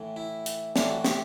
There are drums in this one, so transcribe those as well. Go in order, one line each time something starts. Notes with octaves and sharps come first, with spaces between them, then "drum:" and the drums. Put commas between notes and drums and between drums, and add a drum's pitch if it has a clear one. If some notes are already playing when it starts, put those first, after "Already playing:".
Already playing: A2 E3
E4
drum: hi-hat
A2 E3 D4, drum: snare
F#4
G4, drum: snare